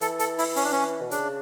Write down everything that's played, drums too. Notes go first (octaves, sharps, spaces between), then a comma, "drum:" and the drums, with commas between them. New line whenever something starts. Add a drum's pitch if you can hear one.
E3 A4, drum: hi-hat
A4, drum: hi-hat
E4, drum: open hi-hat
C#4, drum: open hi-hat
D4
C#4
B2
C#3 D4, drum: hi-hat